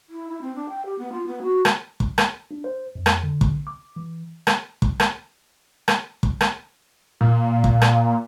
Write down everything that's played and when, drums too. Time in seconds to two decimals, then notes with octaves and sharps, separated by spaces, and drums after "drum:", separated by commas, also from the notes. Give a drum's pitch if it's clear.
0.10 E4
0.29 E4
0.41 C4
0.55 D4
0.69 G5
0.85 G4
0.99 B3
1.12 F4
1.27 B3
1.43 F#4
1.65 drum: rim click
2.00 drum: kick
2.18 drum: rim click
2.51 D4
2.64 C5
2.95 F2
3.06 drum: rim click
3.23 D3
3.41 drum: kick
3.67 D6
3.96 E3
4.47 drum: rim click
4.82 drum: kick
5.00 drum: rim click
5.88 drum: rim click
6.23 drum: kick
6.41 drum: rim click
7.21 A#2
7.64 drum: kick
7.82 drum: rim click